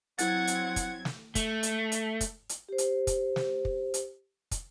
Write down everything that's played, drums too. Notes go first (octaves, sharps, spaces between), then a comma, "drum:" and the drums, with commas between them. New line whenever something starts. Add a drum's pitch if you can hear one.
F#3 C4 E4 F#5 G#6 A6, drum: hi-hat
drum: hi-hat
drum: kick, hi-hat
drum: snare
A3, drum: kick, hi-hat
drum: hi-hat
drum: hi-hat
drum: kick, hi-hat
drum: hi-hat
G4 C5
drum: hi-hat
drum: kick, hi-hat
drum: snare
drum: kick
drum: hi-hat
drum: kick, hi-hat